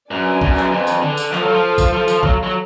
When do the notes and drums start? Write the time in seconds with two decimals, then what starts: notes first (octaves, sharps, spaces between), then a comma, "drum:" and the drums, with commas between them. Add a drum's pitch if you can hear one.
0.11 F#2 D4 G#4 B4 D5 G#5
0.41 F#2, drum: kick A1
0.57 drum: clap
0.72 F2
0.87 drum: tambourine
1.02 D3
1.17 drum: tambourine
1.32 F3 F4 A4 F5, drum: clap
1.43 F#3
1.52 F3
1.78 drum: kick A1, tambourine
1.93 F3
2.08 F3, drum: tambourine
2.23 F#3, drum: kick A1
2.44 F#3